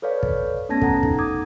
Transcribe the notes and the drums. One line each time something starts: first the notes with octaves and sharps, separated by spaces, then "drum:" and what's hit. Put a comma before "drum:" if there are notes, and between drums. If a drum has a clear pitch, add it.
A4 B4 C#5 D5 F5
drum: kick
A3 B3 C#4 A5 G#6 A#6
A4 F#5 A#5, drum: kick
D#4, drum: kick
D6 D#6 G#6